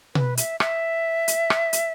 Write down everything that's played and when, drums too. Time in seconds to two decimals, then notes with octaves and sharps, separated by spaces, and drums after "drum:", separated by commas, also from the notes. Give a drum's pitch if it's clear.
0.15 B4, drum: tom B2
0.37 E5, drum: hi-hat
0.60 E5, drum: rim click
1.28 drum: hi-hat
1.50 drum: rim click
1.73 drum: hi-hat